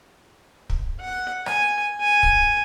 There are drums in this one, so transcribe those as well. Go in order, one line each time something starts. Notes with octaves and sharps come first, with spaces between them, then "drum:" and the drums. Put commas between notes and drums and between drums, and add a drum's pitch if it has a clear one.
drum: kick
F#5
G#5, drum: rim click
G#5
drum: kick